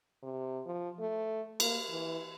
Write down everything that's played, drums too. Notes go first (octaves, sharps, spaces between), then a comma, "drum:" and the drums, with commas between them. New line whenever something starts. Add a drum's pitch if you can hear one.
C3
F3
A3
A#3, drum: cymbal
E3